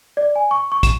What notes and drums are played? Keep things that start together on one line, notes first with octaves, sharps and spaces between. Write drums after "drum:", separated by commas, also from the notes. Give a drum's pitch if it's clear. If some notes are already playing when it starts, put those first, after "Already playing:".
D5
G#5
C#6
C#6
E7, drum: kick, hi-hat